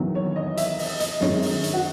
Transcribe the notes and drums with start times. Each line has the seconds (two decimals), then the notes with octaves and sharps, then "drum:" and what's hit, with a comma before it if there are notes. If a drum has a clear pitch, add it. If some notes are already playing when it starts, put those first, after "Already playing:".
Already playing: E2 D#3 F#3
0.15 C#5
0.36 D#5
0.57 E5, drum: hi-hat
0.79 D#5, drum: open hi-hat
1.00 D#5, drum: hi-hat
1.21 F#2 D#3 G#3 C#5, drum: snare
1.42 drum: open hi-hat
1.64 drum: hi-hat
1.74 F#4